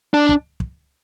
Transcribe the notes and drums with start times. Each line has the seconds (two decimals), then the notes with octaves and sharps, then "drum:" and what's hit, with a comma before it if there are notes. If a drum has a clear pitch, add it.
0.14 D4
0.29 drum: kick
0.60 drum: kick